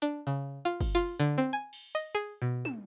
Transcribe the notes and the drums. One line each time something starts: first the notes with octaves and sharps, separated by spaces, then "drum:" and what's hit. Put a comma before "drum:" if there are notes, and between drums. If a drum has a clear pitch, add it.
D4
C#3
F4
drum: kick, cymbal
F4
D3
C4
G#5
drum: cymbal
D#5
G#4
B2
E7, drum: tom